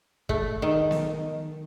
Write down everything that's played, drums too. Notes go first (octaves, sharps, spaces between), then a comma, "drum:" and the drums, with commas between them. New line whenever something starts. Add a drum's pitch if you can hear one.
A3, drum: kick
D#3
drum: snare B3